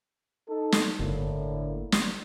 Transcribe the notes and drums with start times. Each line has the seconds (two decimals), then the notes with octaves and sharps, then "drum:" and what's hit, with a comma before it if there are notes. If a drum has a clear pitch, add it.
0.48 D#4 A4
0.72 drum: snare
0.99 G1 A2 D3 A#3
1.92 drum: snare